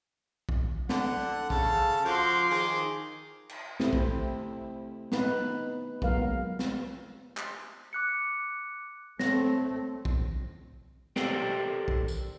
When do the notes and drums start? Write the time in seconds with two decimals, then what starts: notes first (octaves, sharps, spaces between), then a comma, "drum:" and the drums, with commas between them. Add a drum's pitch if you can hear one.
0.49 drum: kick
0.89 D3 F#5, drum: snare
1.50 C#3 A4 A5, drum: kick
2.05 F3 F#4 C6 D6
2.51 D#3 G#4, drum: hi-hat
3.49 drum: cymbal
3.80 A3 C4 E4 G4, drum: snare
3.93 drum: kick
5.12 B3 D#4 B4, drum: snare
6.02 F#3 G#3 A#3 B3 A#4 F5, drum: kick
6.59 drum: snare
7.37 drum: clap
7.93 D6 F#6 C#7
9.19 A3 C4 C#5 A#6, drum: snare
10.05 drum: kick
11.16 G4 A4 A#4 C5 D5 G5, drum: snare
11.88 drum: kick
12.08 drum: tambourine